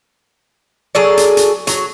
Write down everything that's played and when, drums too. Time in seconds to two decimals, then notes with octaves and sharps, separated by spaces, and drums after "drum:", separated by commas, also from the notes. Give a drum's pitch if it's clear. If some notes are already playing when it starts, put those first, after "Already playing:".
0.95 F#3 G#4 A4 D5
1.17 drum: hi-hat
1.37 drum: hi-hat
1.67 F#3, drum: hi-hat